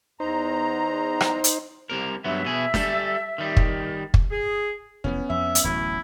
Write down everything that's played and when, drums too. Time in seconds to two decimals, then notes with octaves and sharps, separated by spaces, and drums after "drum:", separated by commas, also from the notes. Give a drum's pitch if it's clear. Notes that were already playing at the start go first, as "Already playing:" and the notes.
0.20 E2 D#4 C5 A#5
1.20 drum: rim click
1.44 drum: hi-hat
1.90 C2 C3 A#4
2.24 G2 F#3 B3 E5
2.44 B2 G#4
2.74 G3 A4, drum: snare
3.38 D#3 G3
3.57 drum: kick
4.14 drum: kick
4.32 G#4
5.04 F1 B2 E3 B3 C#4
5.30 F2 E5
5.55 drum: hi-hat
5.64 D1 A1 F#3 E4